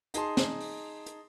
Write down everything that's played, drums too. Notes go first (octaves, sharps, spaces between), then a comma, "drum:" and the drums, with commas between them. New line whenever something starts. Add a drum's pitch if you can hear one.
D#4 G#4 A5 C6, drum: hi-hat
drum: snare
drum: open hi-hat
drum: hi-hat